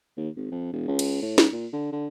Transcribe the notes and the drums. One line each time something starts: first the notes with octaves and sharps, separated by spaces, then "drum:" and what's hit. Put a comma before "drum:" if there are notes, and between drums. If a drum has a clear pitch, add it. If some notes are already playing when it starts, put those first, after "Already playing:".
D#2
G#1
F2
E1
C#2
drum: cymbal
A2
C#2, drum: snare
A#2
D3
D3